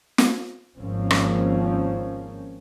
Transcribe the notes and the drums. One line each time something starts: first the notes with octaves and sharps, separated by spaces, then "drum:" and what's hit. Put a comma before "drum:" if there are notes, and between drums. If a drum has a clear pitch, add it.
drum: snare
G#1 F3 A#3 C4 C#4
drum: rim click